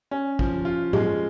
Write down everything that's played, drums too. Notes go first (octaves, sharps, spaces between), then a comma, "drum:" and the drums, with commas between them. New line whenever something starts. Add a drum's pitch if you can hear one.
C#4
F3, drum: kick
F4
G#3, drum: tom A2